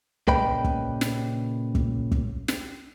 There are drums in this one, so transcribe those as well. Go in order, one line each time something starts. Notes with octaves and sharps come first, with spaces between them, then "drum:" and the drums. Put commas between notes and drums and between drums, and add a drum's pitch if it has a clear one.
A#2 C#3 B4 D#5 G5 B5, drum: kick
drum: kick
drum: snare
drum: kick
drum: kick
drum: snare